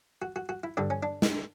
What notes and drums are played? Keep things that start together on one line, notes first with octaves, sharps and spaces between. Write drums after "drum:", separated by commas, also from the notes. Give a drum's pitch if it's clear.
F#4
F#4
F#4
E4
G2 D3 G3 D4
C#4
D4
drum: snare